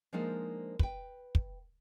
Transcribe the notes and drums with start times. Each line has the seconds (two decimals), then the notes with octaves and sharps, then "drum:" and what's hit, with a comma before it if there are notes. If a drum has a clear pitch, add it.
0.13 F3 G#3 A#3 D4 D#4 C5
0.79 B4 G5, drum: kick
1.35 drum: kick